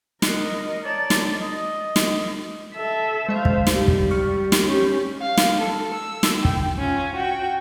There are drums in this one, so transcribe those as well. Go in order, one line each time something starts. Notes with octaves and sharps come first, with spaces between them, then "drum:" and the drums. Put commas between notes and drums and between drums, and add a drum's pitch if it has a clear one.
A#4 D#5 F#6 C7 C#7, drum: snare
C#5 D5 A5 A#5 A6
drum: snare
D#5
drum: snare
A4 E5
G#3 C5 D#5 F5
drum: kick
G3, drum: snare
drum: kick
C#6 F6 C#7
drum: snare
C#4 G4
F5
drum: snare
A4
E6
drum: snare
G5, drum: kick
C#4 F4
F#4 G5